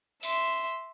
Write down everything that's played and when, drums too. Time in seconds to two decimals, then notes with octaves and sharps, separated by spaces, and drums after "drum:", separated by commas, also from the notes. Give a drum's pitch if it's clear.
0.23 E5 C6, drum: tambourine